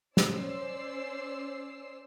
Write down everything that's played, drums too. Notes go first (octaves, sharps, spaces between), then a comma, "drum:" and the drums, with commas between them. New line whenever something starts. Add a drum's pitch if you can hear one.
C#4 C5 D5 E6 C7, drum: snare